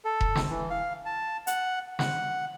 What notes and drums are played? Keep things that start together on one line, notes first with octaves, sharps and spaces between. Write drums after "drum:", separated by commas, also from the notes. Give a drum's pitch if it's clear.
A4
drum: kick E1
drum: snare
E3
F5
A5
F#5, drum: hi-hat
F#5, drum: snare